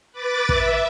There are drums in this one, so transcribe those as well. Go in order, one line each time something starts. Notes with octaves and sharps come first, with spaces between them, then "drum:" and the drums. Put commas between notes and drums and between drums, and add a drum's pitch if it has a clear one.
B4 D6 A6
E5, drum: kick